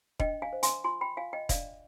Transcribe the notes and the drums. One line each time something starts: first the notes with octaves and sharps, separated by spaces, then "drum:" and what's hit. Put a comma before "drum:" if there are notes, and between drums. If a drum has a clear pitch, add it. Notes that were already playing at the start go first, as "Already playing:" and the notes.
D4 D#5 G5, drum: kick E1
F5 G#5
C5
G#5 C6, drum: hi-hat
F4 G#5 C6
G5 B5
F4 F5 G#5
D#5 G5
D4 D5 F5, drum: kick E1, hi-hat